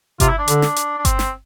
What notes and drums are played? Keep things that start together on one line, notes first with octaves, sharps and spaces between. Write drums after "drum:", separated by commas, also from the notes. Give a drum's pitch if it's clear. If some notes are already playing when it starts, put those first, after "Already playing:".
C3 F4, drum: kick G1, hi-hat
E4
D4
D3, drum: hi-hat
drum: snare
drum: hi-hat
D4
C4, drum: kick G1, hi-hat
drum: snare